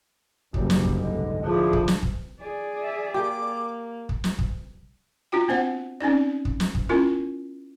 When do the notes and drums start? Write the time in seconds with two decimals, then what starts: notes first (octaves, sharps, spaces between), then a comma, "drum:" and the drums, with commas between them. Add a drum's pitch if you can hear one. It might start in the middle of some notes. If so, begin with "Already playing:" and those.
0.54 F#1 C2 G#2 D3 G3, drum: kick
0.70 drum: snare
0.84 drum: kick
0.97 D#5
1.44 F3 D4 E4 G#4 A5
1.73 drum: kick
1.88 drum: snare
2.02 drum: kick
2.40 G#4 D5
2.82 E5
3.14 A#3 G4 D6
4.09 drum: kick
4.24 drum: snare
4.39 drum: kick
5.32 D4 F4 F#4 G5
5.48 B3 C4 C5 F#5
6.01 C4 C#4 D#4 D5
6.45 drum: kick
6.60 drum: snare
6.75 drum: kick
6.89 B3 C#4 E4 F4 A#4